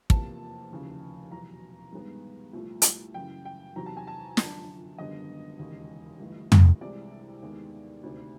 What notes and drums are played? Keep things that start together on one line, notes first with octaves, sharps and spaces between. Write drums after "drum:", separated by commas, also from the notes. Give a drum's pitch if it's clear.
F1 E2 C3 F3 A#3 A5, drum: kick
F1 D#2 C#3 E3
E2 B2 F#3 A#5
G2 D#3 G#3 B3
C2 A#2 F3 A3
drum: hi-hat
F#2 C#3 E3 G5
G5
E2 C3 D#3 F#3 A#5
A5
G#5
A5
G1 F#2 D3 F3, drum: snare
G#1 F#2 D3 G3 B3 D#5
E1 D#2 C#3
G1 G2 E3 A3
drum: tom
C2 C3 E3 G#3 D5
D#2 D#3 G#3 B3
D2 C3 D#3